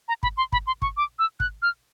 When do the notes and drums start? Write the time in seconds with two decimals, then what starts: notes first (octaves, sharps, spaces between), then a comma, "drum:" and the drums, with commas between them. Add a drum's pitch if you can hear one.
0.08 A#5
0.23 B5, drum: kick
0.37 C6
0.52 B5, drum: kick
0.67 C6
0.82 C#6, drum: kick
0.97 D6
1.19 E6
1.40 F#6, drum: kick
1.62 F6